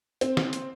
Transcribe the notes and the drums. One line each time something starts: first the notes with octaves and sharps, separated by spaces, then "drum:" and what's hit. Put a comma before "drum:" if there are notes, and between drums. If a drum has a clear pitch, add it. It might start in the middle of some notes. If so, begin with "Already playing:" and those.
C4, drum: hi-hat
drum: snare
drum: hi-hat